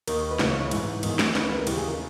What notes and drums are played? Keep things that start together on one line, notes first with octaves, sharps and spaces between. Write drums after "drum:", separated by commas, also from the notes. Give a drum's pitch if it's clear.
D#2 D#3 A#4, drum: cymbal
B4
C#2 C#3 E3 C#5, drum: snare
C#5
C#5
G#2 E3, drum: cymbal
E2 D#3, drum: cymbal
drum: snare
C#2 C#3 E3 B4, drum: snare
B4
A#4
D#2 C#3 E3 G4, drum: cymbal
G#4
A#4